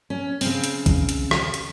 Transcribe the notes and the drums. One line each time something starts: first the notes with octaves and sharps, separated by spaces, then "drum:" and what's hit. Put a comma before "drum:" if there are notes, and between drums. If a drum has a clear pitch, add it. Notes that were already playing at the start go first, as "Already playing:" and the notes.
C#4
C#3 C4, drum: open hi-hat
drum: hi-hat
drum: kick, hi-hat
drum: hi-hat
drum: rim click
drum: hi-hat